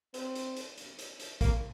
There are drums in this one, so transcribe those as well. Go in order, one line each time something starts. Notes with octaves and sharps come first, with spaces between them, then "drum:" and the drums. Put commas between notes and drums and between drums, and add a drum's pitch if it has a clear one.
C4, drum: hi-hat
drum: hi-hat
drum: hi-hat
drum: hi-hat
drum: hi-hat
drum: hi-hat
A#3, drum: kick, hi-hat